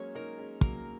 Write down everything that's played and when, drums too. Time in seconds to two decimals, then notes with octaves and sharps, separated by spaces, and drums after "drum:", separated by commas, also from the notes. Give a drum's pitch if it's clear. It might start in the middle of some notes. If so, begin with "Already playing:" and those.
Already playing: F#3 G#3 A#3 C#4 C#5
0.15 A#3 D#4 A#4
0.38 G#3 C#4
0.61 F#3 A#3 A#4, drum: kick